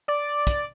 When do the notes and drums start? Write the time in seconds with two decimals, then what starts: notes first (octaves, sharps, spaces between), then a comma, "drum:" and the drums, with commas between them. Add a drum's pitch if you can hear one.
0.08 D5
0.47 drum: kick, hi-hat